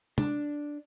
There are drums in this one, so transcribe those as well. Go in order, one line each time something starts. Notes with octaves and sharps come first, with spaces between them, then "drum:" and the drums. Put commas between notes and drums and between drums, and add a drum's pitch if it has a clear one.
D4, drum: tom